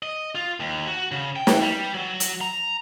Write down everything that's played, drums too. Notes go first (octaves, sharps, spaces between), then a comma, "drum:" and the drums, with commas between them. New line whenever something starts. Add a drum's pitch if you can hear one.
D#5
F4
D#2
F#4
C#3
G5
drum: snare
G3
F#3
drum: hi-hat
A#5